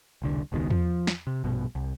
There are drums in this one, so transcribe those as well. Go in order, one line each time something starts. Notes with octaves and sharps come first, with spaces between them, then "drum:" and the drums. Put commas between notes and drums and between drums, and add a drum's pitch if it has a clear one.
E1 C2 D3
E1 C#2 B2 D#3
F3, drum: tom E2
drum: snare
C3
A#1 G2 B2
C2